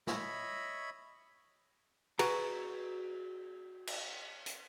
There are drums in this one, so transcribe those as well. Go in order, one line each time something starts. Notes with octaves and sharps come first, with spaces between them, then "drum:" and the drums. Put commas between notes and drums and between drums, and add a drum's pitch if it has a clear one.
C#5 D#5 E5 B5, drum: snare
F#4 G#4 B4 A#5, drum: cymbal
drum: cymbal
drum: hi-hat